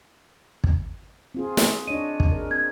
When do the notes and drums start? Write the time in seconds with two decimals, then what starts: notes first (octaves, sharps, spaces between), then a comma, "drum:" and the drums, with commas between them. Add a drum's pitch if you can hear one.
0.64 drum: kick
1.35 C4 F4 G#4
1.57 drum: snare
1.88 D4 C#5 D#5 D#7
2.20 drum: kick
2.32 G#4 A#4
2.51 C4 G#6